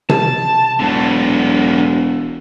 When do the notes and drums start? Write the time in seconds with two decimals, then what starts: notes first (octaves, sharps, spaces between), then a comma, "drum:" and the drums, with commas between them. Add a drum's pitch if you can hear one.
0.09 A5, drum: tom C3
0.79 E1 D3 F#3